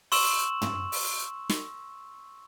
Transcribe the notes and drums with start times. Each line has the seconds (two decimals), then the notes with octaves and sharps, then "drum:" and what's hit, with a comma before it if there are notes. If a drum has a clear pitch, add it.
0.12 C6 C#6 E6 E7 F#7, drum: open hi-hat
0.62 drum: tom
0.92 drum: open hi-hat
1.49 drum: snare